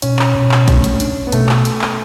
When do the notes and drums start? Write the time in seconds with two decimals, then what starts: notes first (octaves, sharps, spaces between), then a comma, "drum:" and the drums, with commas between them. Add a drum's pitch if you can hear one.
0.02 B2 C#4, drum: hi-hat
0.19 drum: clap
0.35 B2
0.51 drum: clap
0.68 A3, drum: kick A#1, hi-hat
0.84 drum: hi-hat
1.00 D4, drum: hi-hat
1.27 B3
1.32 B2 A3, drum: hi-hat
1.49 drum: clap
1.65 drum: hi-hat
1.81 drum: clap